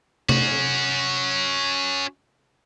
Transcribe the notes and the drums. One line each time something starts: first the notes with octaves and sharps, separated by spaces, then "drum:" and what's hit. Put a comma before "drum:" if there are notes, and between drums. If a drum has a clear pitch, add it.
C#4 F#4, drum: tom C3